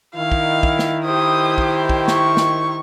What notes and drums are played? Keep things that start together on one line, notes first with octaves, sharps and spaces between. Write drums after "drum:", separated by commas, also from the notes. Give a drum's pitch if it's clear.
D#3 E4 F5
drum: kick
drum: kick
drum: snare
G4 C5 D#6
drum: kick
drum: kick
C#6, drum: snare
drum: snare